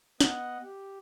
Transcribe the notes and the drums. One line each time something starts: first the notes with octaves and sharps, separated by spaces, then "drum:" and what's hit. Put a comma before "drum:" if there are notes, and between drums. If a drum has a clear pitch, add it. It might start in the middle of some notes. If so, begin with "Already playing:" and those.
B3 D#5 F#5, drum: snare
G4